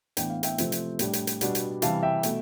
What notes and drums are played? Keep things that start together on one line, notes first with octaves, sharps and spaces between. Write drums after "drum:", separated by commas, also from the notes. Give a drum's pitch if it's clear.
A2 E3 B3 D4 G5, drum: hi-hat
F5
E5 G5, drum: hi-hat
C3 F3 A3 C4, drum: hi-hat
drum: hi-hat
A2 G3 D4, drum: hi-hat
drum: hi-hat
drum: hi-hat
B2 G3 B3 D4, drum: hi-hat
drum: hi-hat
C3 E3 G3 F5 A5, drum: hi-hat
E5 G5
B2 A3, drum: hi-hat